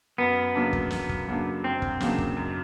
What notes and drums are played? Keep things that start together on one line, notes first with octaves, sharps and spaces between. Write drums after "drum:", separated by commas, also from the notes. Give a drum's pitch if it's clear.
F#2 B3
C#3 F#3 A#3 D4
drum: kick
F#2, drum: snare
drum: kick
C#3 F#3 A#3 D4
F#2 C4
drum: kick
C#3 F#3 A#3 D4, drum: snare
drum: kick
F#2